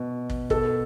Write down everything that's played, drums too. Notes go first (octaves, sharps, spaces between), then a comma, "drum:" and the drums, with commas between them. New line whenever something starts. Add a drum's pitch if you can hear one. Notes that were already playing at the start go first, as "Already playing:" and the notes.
Already playing: B2
drum: kick
B2 A4, drum: kick